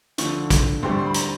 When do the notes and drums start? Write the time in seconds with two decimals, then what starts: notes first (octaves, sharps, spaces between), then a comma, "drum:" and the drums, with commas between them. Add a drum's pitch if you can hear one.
0.18 D2 D3 F3 A3 C#6, drum: hi-hat
0.50 drum: kick, hi-hat
0.83 D2 D3 G3 C4 C6, drum: tom G#2
0.90 C#6
0.99 C6
1.06 B5
1.14 A#5, drum: hi-hat